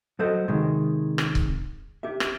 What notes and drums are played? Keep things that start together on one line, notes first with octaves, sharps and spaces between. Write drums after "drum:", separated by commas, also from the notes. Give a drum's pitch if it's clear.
F#3 A4 C5 D#5
C3 D#3 G#3
drum: rim click
drum: kick C#1
G4 E5
drum: rim click